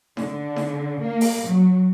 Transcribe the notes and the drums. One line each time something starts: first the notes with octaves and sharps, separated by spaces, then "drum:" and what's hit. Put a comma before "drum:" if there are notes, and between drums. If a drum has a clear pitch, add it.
D3, drum: snare D#4
drum: snare D#4
A#3
drum: open hi-hat
F#3